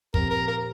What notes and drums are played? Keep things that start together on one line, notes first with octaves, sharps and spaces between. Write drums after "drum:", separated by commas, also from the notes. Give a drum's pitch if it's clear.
A#2 F3 C4 G4 A#4, drum: kick
A#4
A#4